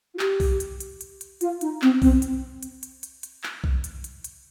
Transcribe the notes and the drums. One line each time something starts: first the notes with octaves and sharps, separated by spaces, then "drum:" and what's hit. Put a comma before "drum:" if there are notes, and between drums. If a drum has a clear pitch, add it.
F4
G4, drum: clap
drum: kick B1, open hi-hat
drum: hi-hat
drum: hi-hat
drum: hi-hat
drum: hi-hat
F4, drum: hi-hat
D#4, drum: hi-hat
C4, drum: clap
C4, drum: kick B1, open hi-hat
drum: hi-hat
drum: hi-hat
drum: hi-hat
drum: hi-hat
drum: hi-hat
drum: clap
drum: kick B1
drum: hi-hat
drum: hi-hat
drum: hi-hat